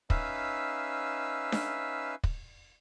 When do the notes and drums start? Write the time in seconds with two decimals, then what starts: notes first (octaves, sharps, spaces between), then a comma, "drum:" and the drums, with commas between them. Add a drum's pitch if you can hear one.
0.10 C#4 D#4 B4 E5 F5 E6, drum: kick
1.52 drum: snare D4
2.24 drum: kick